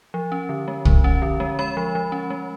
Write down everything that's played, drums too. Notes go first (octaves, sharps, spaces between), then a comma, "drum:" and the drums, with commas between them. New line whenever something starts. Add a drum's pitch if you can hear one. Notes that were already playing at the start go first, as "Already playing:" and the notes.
F3
C#4
D3
G#3
F3, drum: kick
C#4
D3
G#3
G#3 B5
F3
F3
C#4
G#3